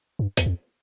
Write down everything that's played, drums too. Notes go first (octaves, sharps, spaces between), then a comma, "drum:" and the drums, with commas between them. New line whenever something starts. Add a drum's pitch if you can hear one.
G2
E2, drum: hi-hat
F2